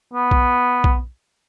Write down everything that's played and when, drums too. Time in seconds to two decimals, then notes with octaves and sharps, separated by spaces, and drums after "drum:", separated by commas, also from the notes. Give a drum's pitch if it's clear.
0.14 B3
0.31 drum: kick B1
0.84 drum: kick B1